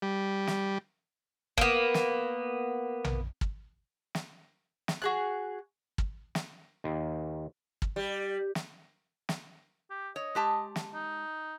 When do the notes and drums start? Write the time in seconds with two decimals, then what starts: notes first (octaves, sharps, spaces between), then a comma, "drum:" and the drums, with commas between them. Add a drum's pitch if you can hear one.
0.02 G3
0.47 drum: snare
1.58 A#3 B3, drum: kick
1.94 drum: snare
3.04 drum: tom A#1
3.41 drum: kick
4.15 drum: snare
4.88 drum: snare
5.02 F#4 G#4 F#6
5.98 drum: kick
6.35 drum: snare
6.84 D#2
7.82 drum: kick
7.96 G3
8.55 drum: snare
9.29 drum: snare
9.90 G4
10.16 C#5 D#5
10.35 G#3 G4 A5
10.76 drum: snare
10.94 D#4